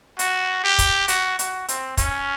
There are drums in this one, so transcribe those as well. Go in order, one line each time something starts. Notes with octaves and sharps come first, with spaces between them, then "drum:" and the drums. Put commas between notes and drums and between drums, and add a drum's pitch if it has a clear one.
F#4, drum: hi-hat
G4
drum: kick, hi-hat
F#4, drum: hi-hat
F#4, drum: hi-hat
C4, drum: hi-hat
C#4, drum: kick, hi-hat